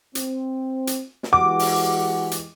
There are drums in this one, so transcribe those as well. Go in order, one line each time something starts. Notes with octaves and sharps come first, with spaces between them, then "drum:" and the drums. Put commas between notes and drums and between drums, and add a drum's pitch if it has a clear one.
C4, drum: hi-hat
drum: hi-hat
drum: snare
E3 G#3 F#4 G4 D6
drum: open hi-hat
drum: hi-hat